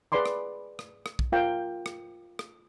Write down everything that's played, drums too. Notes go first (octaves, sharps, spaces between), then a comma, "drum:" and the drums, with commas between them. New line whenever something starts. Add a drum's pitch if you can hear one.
G#4 B4 D5 B5 C6 D6
drum: rim click
drum: rim click
drum: rim click
drum: kick
F4 A#4 F5 G5
drum: rim click
drum: rim click